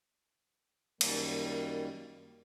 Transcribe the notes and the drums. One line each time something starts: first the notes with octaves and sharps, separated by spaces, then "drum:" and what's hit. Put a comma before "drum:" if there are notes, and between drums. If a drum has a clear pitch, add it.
F#2 D#3 G3 A#3, drum: cymbal